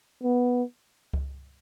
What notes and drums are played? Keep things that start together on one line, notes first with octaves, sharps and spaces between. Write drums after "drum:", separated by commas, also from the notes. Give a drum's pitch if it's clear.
B3
drum: kick C#2